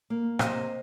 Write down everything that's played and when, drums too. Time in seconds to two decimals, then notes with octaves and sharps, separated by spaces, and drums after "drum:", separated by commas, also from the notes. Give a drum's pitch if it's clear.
0.10 A#3
0.39 C3 C5 D#5, drum: rim click